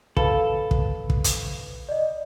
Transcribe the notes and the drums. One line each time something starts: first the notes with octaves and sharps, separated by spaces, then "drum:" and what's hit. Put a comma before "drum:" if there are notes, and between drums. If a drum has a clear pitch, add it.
A4 B4 F5 B5, drum: kick
drum: kick
drum: kick
drum: hi-hat
D5 D#5